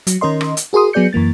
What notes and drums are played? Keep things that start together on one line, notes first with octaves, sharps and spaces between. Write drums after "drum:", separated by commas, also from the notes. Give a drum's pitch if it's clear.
F#3, drum: hi-hat
D#3 C#4 A#4 D#5 C6
drum: rim click
drum: hi-hat
F#4 G#4 A#4 C6 D#6
F#3 B3 G#4 D5 G6 C#7
F#2 E3 A#3 A6